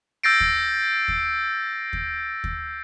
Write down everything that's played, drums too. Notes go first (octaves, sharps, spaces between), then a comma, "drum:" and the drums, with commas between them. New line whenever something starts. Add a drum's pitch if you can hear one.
E6 G6 A6 A#6 C7 D7
drum: kick
drum: kick
drum: kick
drum: kick